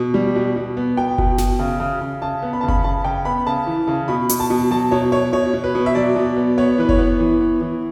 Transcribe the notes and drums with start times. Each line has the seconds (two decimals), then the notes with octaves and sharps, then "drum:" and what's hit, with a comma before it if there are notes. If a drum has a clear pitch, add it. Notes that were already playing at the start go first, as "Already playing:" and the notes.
Already playing: B2
0.14 G3
0.36 B2
0.56 B2
0.77 B3
0.97 B2 G5
1.18 B2, drum: kick F#1
1.38 B2, drum: snare G1
1.59 C#3
1.80 C#3
2.01 C#3
2.22 C#3 A5
2.42 B3
2.53 B5
2.61 C#3 A5
2.68 B5, drum: kick F#1
2.84 C#3 A5
3.05 C#3 G5
3.25 B3 B5
3.46 C#3 A5
3.67 E3
3.88 C#3
4.08 B2 B5
4.29 B2, drum: hi-hat
4.40 A5
4.50 B2
4.70 F#3 A5
4.91 B2 C#5
5.12 B2 C#5
5.33 B2 C#5
5.53 B2
5.64 B4
5.75 B2
5.86 E5
5.95 F#3 D5
6.16 B2
6.37 B3
6.58 B3 C#5
6.78 E3 B4
6.89 C#5, drum: kick F#1
6.99 B3
7.20 E3
7.41 B3
7.61 E3